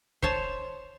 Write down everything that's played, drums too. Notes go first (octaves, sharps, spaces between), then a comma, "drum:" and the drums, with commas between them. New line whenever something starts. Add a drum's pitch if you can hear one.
C5 C#5 A5, drum: kick